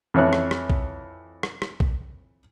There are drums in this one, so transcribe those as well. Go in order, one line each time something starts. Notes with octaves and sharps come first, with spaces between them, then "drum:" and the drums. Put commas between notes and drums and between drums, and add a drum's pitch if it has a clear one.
F2 E3 C#5 F#6
drum: rim click
drum: rim click
drum: kick A#1
drum: rim click
drum: rim click
drum: kick A#1